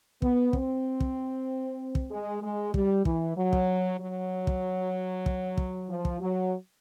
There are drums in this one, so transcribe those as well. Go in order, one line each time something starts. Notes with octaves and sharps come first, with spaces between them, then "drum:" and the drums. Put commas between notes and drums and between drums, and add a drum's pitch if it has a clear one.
B3, drum: kick
C4, drum: kick
drum: kick
drum: kick
G#3
G#3
G3, drum: kick
E3, drum: kick
F#3
drum: kick
F#3
drum: kick
drum: kick
drum: kick
F3
drum: kick
F#3